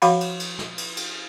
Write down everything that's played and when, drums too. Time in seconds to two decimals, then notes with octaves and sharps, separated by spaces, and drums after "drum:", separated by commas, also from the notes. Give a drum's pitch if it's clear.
0.02 F3 F#4 F5 F#5 B5, drum: cymbal
0.21 drum: cymbal
0.40 drum: cymbal
0.59 drum: snare
0.78 drum: cymbal
0.97 drum: cymbal